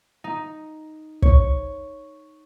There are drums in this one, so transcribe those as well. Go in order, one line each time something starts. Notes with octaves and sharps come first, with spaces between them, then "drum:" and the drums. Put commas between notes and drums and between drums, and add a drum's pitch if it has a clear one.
D#4
C#5, drum: kick